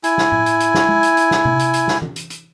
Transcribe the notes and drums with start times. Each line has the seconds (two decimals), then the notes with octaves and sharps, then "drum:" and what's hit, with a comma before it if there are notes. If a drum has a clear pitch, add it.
0.04 E4 G#5, drum: hi-hat
0.18 drum: snare
0.32 drum: tom A2
0.46 drum: hi-hat
0.60 drum: hi-hat
0.74 drum: snare
0.89 drum: tom G#3
1.03 drum: hi-hat
1.17 drum: hi-hat
1.31 drum: snare
1.45 drum: tom C3
1.59 drum: hi-hat
1.74 drum: hi-hat
1.88 drum: snare
2.02 drum: tom E3
2.16 drum: hi-hat
2.30 drum: hi-hat